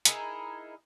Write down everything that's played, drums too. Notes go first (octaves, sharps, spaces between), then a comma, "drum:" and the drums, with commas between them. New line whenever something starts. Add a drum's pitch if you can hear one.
D#4 E4 G#4 A#4, drum: hi-hat